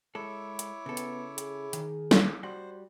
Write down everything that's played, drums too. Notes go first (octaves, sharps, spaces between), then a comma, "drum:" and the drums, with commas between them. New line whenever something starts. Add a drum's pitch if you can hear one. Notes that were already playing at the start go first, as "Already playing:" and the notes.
G#3 E4 A4 C#5 D6
drum: hi-hat
C#3 B3 A4
drum: hi-hat
G#4, drum: hi-hat
D#3, drum: hi-hat
drum: snare
G3 F#4 C5